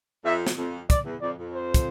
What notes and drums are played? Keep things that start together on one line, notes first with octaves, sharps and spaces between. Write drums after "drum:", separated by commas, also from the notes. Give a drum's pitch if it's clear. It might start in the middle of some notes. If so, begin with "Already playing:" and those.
F2 E5
drum: snare
F2
D5, drum: kick, hi-hat
E2
F2 D5
F2
C5
drum: kick, hi-hat